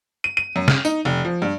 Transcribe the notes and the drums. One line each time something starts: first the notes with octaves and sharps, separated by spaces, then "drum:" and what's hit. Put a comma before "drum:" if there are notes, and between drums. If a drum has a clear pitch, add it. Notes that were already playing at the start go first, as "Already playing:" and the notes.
D#7
D#7
F#2
F6, drum: snare
D#4, drum: tambourine
F1
F3
G2